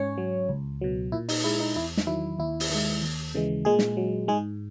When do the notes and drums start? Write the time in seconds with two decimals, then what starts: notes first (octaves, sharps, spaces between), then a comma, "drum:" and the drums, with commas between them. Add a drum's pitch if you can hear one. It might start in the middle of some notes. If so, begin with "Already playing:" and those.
Already playing: G#2 C#4 C#5
0.18 F#3
0.49 C#2
0.81 B2 F#3
1.12 A#2 E4
1.29 D#4, drum: open hi-hat
1.44 G#3 E4
1.60 D#4
1.76 E2 E4
1.97 drum: snare
2.07 D#3 F#3 E4
2.39 D#2 E4
2.60 drum: open hi-hat
2.70 D#3 G#3
3.02 D#2
3.34 C#3 E3 G#3
3.65 A#2 G#3 G#4
3.79 drum: snare
3.97 F#3
4.28 G#2 G#3 G#4